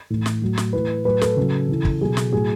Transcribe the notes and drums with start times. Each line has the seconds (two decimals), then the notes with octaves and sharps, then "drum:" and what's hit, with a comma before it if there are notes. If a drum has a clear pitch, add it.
0.10 A2 E3
0.26 drum: snare
0.42 A2 F#3
0.57 drum: snare
0.73 A2 E3 B4
1.05 A2 F#3 B4
1.21 A4, drum: snare
1.37 C#3 F#3
1.69 C#3 E3
1.85 drum: kick
2.01 B2 F#3 G#4
2.17 drum: snare
2.33 A2 F#3 G#4